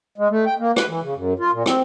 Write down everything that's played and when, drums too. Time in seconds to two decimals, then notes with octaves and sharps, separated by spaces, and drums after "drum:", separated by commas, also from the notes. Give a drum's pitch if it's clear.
0.18 G#3
0.30 A3
0.46 G5
0.59 A#3
0.76 B4, drum: rim click
0.88 E3
1.02 C#3
1.15 F#2
1.39 F4
1.52 A#2
1.66 C4, drum: rim click